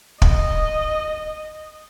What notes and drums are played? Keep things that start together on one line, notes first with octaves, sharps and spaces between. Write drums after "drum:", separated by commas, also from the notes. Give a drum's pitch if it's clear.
D#5, drum: kick